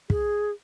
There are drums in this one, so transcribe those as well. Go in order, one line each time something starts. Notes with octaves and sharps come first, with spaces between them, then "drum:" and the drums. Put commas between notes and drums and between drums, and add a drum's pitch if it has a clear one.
G#4, drum: kick